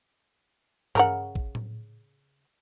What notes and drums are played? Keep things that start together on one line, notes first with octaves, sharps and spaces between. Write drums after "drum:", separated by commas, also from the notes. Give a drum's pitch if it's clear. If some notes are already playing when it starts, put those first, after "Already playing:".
C#3 A#4 F#5, drum: tom G2
drum: kick
drum: tom A2